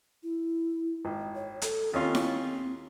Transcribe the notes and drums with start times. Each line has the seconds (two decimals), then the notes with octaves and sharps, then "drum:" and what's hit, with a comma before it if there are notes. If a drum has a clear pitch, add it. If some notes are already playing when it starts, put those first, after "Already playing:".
0.23 E4
1.05 G#1
1.35 C#5
1.62 A4, drum: hi-hat
1.94 D#2 C4 C#4 F4
2.15 drum: snare E4